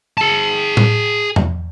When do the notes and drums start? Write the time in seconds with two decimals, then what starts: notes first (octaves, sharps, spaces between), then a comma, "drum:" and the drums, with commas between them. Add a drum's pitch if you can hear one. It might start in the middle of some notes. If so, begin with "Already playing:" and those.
0.18 G#4 A5
0.77 drum: tom A2
1.36 drum: tom E2